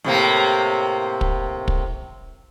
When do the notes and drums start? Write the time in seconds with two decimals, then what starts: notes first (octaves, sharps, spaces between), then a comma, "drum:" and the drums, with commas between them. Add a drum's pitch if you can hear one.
0.04 A2 C3 A#3
1.21 drum: kick
1.68 drum: kick